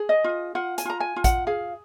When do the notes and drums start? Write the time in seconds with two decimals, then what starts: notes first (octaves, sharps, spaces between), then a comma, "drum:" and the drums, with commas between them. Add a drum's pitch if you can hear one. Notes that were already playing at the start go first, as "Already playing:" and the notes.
Already playing: G#4
0.09 D#5
0.24 F4
0.55 F4 F#5
0.78 G#5, drum: hi-hat
0.85 F4 A#5
1.00 G#5
1.16 F4
1.24 F#5, drum: kick A1, hi-hat
1.47 G#4 F5